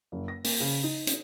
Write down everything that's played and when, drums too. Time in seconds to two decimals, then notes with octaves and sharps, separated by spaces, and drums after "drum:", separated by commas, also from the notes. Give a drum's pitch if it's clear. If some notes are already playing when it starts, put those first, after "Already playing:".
0.12 F#1
0.28 A#6
0.44 A#3, drum: open hi-hat
0.60 C#3
0.83 D#4
1.07 drum: hi-hat